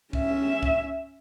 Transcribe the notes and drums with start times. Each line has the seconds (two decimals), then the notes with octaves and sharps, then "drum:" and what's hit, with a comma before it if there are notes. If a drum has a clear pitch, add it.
0.13 C#4 E5, drum: kick C2
0.63 drum: kick C2